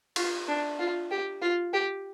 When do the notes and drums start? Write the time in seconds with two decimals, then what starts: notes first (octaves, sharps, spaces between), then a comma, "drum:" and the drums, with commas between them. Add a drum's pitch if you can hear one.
0.16 F4, drum: cymbal
0.48 D4
0.79 F4
1.11 G4
1.42 F4
1.73 G4